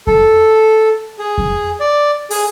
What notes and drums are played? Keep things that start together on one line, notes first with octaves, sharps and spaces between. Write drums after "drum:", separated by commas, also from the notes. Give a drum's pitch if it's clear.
A4, drum: kick F2
G#4
drum: kick F2
D5
G#4, drum: open hi-hat